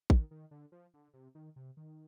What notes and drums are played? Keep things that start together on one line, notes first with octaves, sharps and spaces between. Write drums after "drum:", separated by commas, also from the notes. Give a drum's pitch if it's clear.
D#3, drum: kick A1
D#3
D3
F3
D3
C3
D#3
C3
D#3